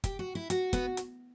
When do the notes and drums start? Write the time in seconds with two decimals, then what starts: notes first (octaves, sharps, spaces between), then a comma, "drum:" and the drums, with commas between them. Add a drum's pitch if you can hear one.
0.04 G4, drum: kick, hi-hat
0.19 F#4
0.35 E4
0.50 F#4, drum: hi-hat
0.73 B3, drum: kick, hi-hat
0.97 drum: hi-hat